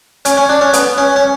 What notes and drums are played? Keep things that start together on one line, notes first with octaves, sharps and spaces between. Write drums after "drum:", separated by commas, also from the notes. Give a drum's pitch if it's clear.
C#4, drum: hi-hat
C#4
D4
C#4
B3, drum: hi-hat
C#4
C#4